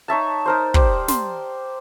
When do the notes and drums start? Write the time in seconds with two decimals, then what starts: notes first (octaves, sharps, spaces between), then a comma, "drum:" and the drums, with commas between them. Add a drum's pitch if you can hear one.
0.08 D#4 C#5 E5 A5
0.46 D#4 A#4 C5
0.74 G4 C5 D5, drum: kick
1.08 C6, drum: snare